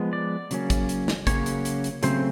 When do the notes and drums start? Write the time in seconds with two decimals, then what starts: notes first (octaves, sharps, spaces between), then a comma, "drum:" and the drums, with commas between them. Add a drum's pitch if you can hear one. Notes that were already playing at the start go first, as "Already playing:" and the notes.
Already playing: F3 G#3 B3
0.13 D5
0.51 C#3 F#3 A#3 C#4, drum: hi-hat
0.70 drum: kick, hi-hat
0.89 drum: hi-hat
1.08 drum: snare
1.27 C#3 F#3 A#3 C#4 C#5, drum: kick, hi-hat
1.46 drum: hi-hat
1.65 drum: hi-hat
1.84 drum: hi-hat
2.03 C#3 F#3 A3 C4 C5, drum: hi-hat